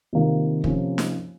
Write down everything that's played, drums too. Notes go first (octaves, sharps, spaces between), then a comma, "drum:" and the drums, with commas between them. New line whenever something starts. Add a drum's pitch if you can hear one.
C3 D#3 A#3 F4
C3 F3 A#3 C#4, drum: kick
drum: snare